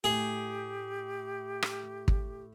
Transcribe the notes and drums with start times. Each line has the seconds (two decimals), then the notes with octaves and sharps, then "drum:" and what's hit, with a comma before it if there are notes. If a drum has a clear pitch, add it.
0.04 A2 G4 G#4
1.62 drum: rim click
2.08 drum: kick